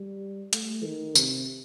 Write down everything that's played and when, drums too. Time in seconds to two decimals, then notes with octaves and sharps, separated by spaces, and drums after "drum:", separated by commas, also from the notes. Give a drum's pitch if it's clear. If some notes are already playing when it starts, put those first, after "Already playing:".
Already playing: G3
0.53 A3, drum: hi-hat
0.84 D#3
1.15 C3, drum: tambourine